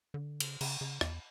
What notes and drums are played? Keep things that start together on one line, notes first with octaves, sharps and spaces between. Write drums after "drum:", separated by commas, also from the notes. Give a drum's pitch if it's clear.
D3
C#3, drum: cymbal
C#3, drum: cymbal
C#3
E2, drum: rim click